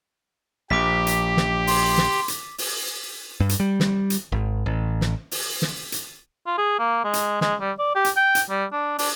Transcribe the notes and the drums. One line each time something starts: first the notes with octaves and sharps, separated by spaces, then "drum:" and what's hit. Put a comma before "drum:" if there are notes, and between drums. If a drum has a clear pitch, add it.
A#1 G4 D6 B6
drum: hi-hat
drum: snare
C6, drum: open hi-hat
drum: snare
drum: hi-hat
drum: open hi-hat
G2
drum: hi-hat
G3
drum: snare
drum: hi-hat
G#1
A1
drum: snare
drum: open hi-hat
drum: snare
drum: hi-hat
F4
G#4
A#3
G#3
drum: hi-hat
G#3, drum: snare
G3
D5
G4
drum: hi-hat
G5
drum: hi-hat
G3
D4
D4, drum: open hi-hat